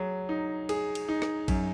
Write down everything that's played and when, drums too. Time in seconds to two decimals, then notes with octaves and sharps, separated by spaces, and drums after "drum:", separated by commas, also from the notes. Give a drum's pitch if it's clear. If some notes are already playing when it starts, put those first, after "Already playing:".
Already playing: F#3 G#4
0.29 D#4
0.69 G#4, drum: cymbal
0.95 drum: cymbal
1.08 D#4
1.22 drum: rim click
1.48 F#2, drum: kick A1, cymbal